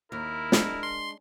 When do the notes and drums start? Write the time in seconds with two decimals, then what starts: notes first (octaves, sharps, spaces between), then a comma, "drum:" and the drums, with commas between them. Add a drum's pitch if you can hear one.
0.12 D#2 E4 A#4
0.52 G#3 D4, drum: snare
0.83 C6